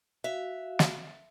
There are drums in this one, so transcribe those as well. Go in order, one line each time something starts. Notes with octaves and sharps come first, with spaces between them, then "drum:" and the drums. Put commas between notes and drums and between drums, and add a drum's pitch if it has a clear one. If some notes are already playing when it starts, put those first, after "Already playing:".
F#4 E5 F5
drum: snare